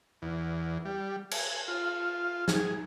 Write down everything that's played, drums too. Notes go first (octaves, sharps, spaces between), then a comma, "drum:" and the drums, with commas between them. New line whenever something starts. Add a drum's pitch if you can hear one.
E2
G3
G#5, drum: cymbal
F4
G#4, drum: snare